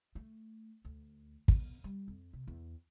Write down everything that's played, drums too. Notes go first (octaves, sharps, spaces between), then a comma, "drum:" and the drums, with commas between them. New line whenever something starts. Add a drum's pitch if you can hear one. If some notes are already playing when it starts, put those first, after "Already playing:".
A3
D2
B3, drum: kick
G3
F2
C3
E2